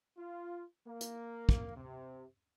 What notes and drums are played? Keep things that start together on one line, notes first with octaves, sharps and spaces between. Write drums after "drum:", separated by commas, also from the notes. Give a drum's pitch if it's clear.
F4
A#3
drum: hi-hat
drum: kick
C3